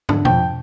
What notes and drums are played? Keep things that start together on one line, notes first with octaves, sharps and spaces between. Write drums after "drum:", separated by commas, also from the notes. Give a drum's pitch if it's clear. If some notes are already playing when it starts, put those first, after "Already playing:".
D3, drum: tom
F2 G5, drum: tom B2